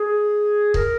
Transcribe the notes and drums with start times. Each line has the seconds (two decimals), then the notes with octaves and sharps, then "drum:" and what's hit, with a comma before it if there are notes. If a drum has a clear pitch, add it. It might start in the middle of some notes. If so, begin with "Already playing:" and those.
Already playing: G#4
0.74 A#4, drum: kick C#1